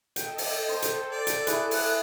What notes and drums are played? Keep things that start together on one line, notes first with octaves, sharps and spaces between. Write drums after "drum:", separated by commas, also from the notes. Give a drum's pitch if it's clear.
A4 D#5 G5, drum: hi-hat
drum: open hi-hat
A4 C5 C6
drum: hi-hat
D5
drum: hi-hat
E4 G#4 B4 F#6, drum: hi-hat
drum: open hi-hat